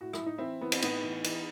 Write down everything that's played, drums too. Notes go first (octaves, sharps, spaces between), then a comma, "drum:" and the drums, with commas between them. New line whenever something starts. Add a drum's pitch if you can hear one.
A2 F#4
E4, drum: rim click
A2 D#4
E3 C4 E4
E3 B3
C4, drum: cymbal
A2 B3 D#4, drum: cymbal
E3
E3, drum: cymbal